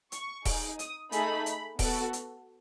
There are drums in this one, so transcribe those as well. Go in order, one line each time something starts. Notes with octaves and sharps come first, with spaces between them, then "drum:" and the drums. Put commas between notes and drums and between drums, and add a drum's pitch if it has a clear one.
C#6, drum: hi-hat
D#4 G#4, drum: kick D#1, open hi-hat
D#6, drum: hi-hat
A3 D#4 G#4 B5, drum: hi-hat
drum: hi-hat
B3 F#4 A4, drum: kick D#1, open hi-hat
drum: hi-hat